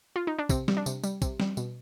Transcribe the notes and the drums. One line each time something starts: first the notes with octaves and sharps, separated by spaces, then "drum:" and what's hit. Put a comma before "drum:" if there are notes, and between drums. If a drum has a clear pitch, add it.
F4
D#4
D4
C3 C4, drum: kick, tambourine
G3, drum: snare
D4
C3, drum: tambourine
G3, drum: tambourine
C3, drum: kick, tambourine
G3, drum: snare
B2, drum: tambourine